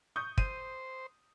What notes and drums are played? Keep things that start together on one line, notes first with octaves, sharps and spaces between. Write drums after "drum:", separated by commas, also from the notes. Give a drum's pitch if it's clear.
C#6 D#6 G6
C5 D#7, drum: kick